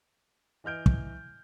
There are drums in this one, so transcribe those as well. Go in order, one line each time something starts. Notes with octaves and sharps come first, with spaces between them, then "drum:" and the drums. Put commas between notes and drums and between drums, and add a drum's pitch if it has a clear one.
E3 D#5 F6 G6 D7
drum: kick